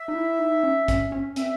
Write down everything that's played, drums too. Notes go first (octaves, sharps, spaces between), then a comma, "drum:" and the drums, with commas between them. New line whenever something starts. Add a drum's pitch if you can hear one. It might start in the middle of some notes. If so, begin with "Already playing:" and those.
Already playing: E5
D#4
E4
D#4
C#4
C#4, drum: kick A#1, hi-hat
C#4
C4 E5, drum: hi-hat